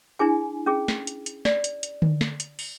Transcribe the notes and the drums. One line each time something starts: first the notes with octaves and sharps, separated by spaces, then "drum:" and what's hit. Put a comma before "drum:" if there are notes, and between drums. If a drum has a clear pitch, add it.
D4 E4 G#4 G#5
C#4 G#4
drum: snare
drum: hi-hat
drum: hi-hat
D5, drum: snare
drum: hi-hat
drum: hi-hat
drum: tom D3
drum: snare
drum: hi-hat
drum: open hi-hat